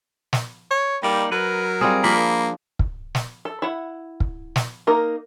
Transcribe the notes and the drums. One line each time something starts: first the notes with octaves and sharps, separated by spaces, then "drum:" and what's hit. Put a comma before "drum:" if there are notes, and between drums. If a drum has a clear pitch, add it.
drum: snare
C#5
G3 A#3 D#4 D5
F#3 A#4 B4
G3 C4 F4 G#4
F3 A#3 D4 B5
drum: kick
drum: snare
A4
E4 F#5
drum: kick
drum: snare
A#3 D#4 A#4